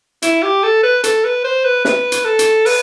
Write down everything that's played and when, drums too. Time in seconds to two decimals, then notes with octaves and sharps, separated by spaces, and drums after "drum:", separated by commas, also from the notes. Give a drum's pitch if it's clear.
0.22 E4, drum: hi-hat
0.42 G4
0.63 A4
0.83 B4
1.04 A4, drum: hi-hat
1.24 B4
1.44 C5
1.64 B4
1.85 B4, drum: snare
2.12 drum: hi-hat
2.25 A4
2.39 drum: hi-hat
2.66 B4, drum: open hi-hat